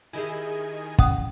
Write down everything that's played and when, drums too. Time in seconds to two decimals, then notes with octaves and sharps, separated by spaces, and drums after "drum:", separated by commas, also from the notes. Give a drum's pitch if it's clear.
0.13 D#3 E4 G4 G#4 D#5 G#5
0.98 C#4 F#5 D#6, drum: kick